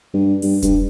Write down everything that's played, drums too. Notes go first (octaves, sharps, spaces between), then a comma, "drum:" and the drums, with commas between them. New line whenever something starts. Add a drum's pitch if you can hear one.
G2
G2, drum: open hi-hat
G2, drum: kick E1, hi-hat